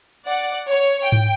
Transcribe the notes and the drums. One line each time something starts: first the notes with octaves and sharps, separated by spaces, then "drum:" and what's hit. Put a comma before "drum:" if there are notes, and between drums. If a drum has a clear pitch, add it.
D5 F#5
C#5
G5
drum: tom G#2